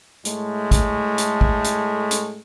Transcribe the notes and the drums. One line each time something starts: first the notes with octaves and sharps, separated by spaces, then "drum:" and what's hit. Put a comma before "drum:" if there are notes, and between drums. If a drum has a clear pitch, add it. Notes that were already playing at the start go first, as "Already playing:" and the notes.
A2 G#3 A3, drum: hi-hat
drum: kick, hi-hat
drum: hi-hat
drum: kick
drum: hi-hat
drum: hi-hat